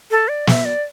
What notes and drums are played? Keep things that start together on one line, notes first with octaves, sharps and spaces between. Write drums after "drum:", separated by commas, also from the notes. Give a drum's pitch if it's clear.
A4
D5
E5, drum: snare
D5